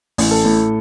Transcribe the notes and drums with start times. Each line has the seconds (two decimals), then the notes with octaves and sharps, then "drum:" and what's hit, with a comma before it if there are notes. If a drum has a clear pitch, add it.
0.18 A1, drum: open hi-hat
0.31 A4
0.45 A2